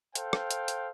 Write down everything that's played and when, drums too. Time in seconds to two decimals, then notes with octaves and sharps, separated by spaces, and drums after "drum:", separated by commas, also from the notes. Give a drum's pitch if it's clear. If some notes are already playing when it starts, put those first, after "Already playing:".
0.15 A4 C5 F5 G5, drum: hi-hat
0.33 drum: rim click
0.51 drum: hi-hat
0.68 drum: hi-hat